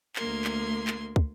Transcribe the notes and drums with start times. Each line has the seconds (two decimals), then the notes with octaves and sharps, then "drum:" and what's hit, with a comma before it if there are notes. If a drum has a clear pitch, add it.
0.16 D2 A#3 A#4 C6 G#6, drum: clap
0.44 drum: clap
0.87 drum: clap
1.16 drum: kick